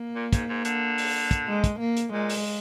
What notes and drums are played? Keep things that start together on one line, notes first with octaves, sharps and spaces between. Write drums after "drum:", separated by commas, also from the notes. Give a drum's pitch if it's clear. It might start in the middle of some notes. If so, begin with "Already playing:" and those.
Already playing: A#3
A#2
G#2, drum: kick, hi-hat
G#2
D3, drum: hi-hat
drum: open hi-hat
drum: kick, hi-hat
G#3
drum: kick, hi-hat
A#3
drum: hi-hat
A#2 G#3
drum: open hi-hat